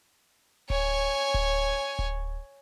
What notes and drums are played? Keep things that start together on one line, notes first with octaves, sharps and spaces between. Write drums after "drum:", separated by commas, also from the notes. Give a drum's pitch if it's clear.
C#5 G#5, drum: kick D1
drum: kick D1
drum: kick D1